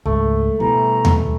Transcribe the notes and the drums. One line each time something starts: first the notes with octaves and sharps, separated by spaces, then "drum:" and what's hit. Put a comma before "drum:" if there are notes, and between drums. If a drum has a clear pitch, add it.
C#2 G#2 A3
B2 E3 G3 A#5
drum: tom D#2